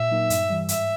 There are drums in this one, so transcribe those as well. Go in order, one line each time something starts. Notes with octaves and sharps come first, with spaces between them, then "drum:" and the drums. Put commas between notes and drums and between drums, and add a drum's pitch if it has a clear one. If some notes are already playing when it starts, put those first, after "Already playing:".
Already playing: A#2 E5
F#3 A#3 D#4
G2, drum: hi-hat
E3 G3
G#2 E5, drum: hi-hat